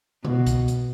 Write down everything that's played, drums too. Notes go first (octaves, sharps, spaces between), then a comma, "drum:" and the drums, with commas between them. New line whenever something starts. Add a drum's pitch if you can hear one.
B2, drum: tom C#3
drum: kick C2, hi-hat
drum: hi-hat